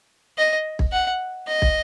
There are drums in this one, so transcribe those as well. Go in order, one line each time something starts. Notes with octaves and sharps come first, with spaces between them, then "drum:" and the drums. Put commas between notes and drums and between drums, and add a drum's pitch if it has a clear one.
D#5
drum: kick
F#5
D#5
drum: kick